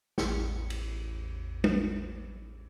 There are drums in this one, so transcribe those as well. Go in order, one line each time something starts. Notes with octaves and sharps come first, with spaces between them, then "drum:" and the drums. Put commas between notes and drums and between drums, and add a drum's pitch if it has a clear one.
A1 E2 C#7, drum: snare
drum: cymbal
drum: tom